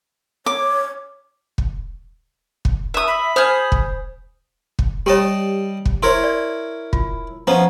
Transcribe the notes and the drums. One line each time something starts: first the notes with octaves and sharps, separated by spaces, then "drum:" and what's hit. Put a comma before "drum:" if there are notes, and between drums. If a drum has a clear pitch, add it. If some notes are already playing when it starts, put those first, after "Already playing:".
C#5 D6
drum: kick
drum: kick
E5 D#6
B5
G#4 C5 D#6 F6 G6
drum: kick
drum: kick
G3 G4 C#5 D#5 A5
drum: kick
E4 A#4 C5 C#5 C6
D5
F4, drum: kick
F3 B3 C#4 A#5